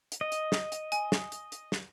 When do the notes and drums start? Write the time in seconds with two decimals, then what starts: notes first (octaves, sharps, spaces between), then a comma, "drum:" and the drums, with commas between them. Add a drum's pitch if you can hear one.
0.12 drum: hi-hat
0.21 D#5
0.32 drum: hi-hat
0.52 drum: snare
0.72 drum: hi-hat
0.92 G#5, drum: hi-hat
1.12 drum: snare
1.32 drum: hi-hat
1.52 drum: hi-hat
1.72 drum: snare